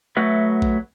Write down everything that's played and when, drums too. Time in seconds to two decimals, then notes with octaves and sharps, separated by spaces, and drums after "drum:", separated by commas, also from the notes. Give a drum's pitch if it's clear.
0.17 F#3 A3 F#4 B4 E5
0.62 drum: kick